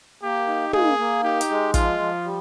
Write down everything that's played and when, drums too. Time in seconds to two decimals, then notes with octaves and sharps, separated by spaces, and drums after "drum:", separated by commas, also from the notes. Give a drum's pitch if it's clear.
0.23 A#3 G4
0.48 D#4
0.73 A#3 G#4, drum: tom
0.98 A#3
1.23 D#4 G4
1.41 drum: hi-hat
1.50 G#3
1.74 F3 F4, drum: kick, hi-hat
1.99 F3
2.24 G3